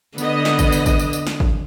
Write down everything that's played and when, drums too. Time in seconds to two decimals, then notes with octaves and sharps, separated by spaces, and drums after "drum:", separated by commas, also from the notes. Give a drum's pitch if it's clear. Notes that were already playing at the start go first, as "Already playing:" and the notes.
0.18 D3 B3 D#5, drum: tambourine
0.45 drum: snare
0.59 drum: kick G#1, tambourine
0.72 drum: tambourine
0.86 drum: kick G#1, tambourine
0.99 drum: tambourine
1.13 drum: tambourine
1.27 drum: snare
1.40 drum: kick G#1